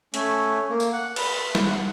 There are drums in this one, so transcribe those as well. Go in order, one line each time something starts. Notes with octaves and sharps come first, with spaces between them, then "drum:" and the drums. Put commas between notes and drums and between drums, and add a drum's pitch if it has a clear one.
A3 C#4, drum: hi-hat
A#3
drum: tambourine
F#5
B4, drum: cymbal
drum: snare G3
F#5